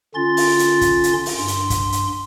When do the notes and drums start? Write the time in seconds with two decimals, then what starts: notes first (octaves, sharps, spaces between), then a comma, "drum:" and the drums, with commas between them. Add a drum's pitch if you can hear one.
0.15 D3 C#4 F4 C6 A6
0.37 drum: open hi-hat
0.59 drum: hi-hat
0.81 drum: kick, hi-hat
1.04 drum: hi-hat
1.26 drum: open hi-hat
1.38 G2 C6
1.48 drum: hi-hat
1.70 drum: kick, hi-hat
1.92 drum: hi-hat